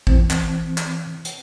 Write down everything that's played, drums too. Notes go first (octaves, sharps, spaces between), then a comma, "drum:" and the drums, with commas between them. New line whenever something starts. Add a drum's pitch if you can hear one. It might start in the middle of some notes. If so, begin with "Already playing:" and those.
E3 C4, drum: kick A1
drum: clap
drum: clap
drum: hi-hat